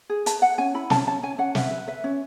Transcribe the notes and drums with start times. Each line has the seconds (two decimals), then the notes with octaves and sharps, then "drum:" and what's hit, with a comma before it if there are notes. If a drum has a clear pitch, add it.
0.10 G#4
0.26 B4 A5, drum: hi-hat
0.42 B4 F#5
0.58 C#4 G#5
0.74 E4 B5
0.90 C#4 A5, drum: snare
1.07 C#4 A5
1.23 C#4 G#5
1.38 C#4 F#5
1.55 B4 E5, drum: snare
1.71 B4
1.88 B4 E5
2.04 C#4